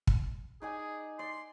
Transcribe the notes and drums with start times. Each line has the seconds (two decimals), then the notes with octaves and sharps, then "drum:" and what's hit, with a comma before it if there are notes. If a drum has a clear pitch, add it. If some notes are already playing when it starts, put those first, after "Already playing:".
0.07 drum: kick
0.62 D#4 G#4 D5 G#5
1.19 D5 C6